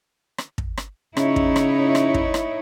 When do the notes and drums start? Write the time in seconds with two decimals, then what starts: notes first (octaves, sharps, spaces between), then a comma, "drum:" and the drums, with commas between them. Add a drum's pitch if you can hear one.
0.38 drum: rim click
0.58 drum: kick
0.77 drum: rim click
1.17 C#3 D#4 E4 C#5, drum: rim click
1.36 drum: kick
1.56 drum: rim click
1.95 drum: rim click
2.14 drum: kick
2.34 drum: rim click